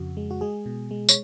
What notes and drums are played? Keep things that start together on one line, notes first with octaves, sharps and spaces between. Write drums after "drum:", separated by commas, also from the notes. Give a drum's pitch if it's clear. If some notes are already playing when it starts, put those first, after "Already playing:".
Already playing: F2 C#3 F#4
G#3
F#4
G#3 G#4
B2
G#3
C#5, drum: tambourine